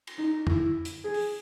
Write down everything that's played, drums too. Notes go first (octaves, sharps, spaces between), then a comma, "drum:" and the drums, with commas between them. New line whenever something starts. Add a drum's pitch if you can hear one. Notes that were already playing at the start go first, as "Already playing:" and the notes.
drum: cymbal
D#4
E4, drum: tom
drum: hi-hat
G#4
drum: open hi-hat